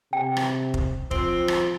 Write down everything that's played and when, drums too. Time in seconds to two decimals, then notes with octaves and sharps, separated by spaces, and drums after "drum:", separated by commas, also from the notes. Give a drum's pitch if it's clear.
0.13 C3 G5
0.37 drum: rim click
0.74 drum: kick F1
1.11 F3 C4, drum: kick F1
1.48 drum: rim click